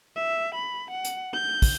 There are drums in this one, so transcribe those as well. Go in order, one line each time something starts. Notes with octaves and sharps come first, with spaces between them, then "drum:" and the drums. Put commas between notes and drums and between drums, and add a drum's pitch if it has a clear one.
E5
B5
F#5
drum: hi-hat
G6
drum: kick, open hi-hat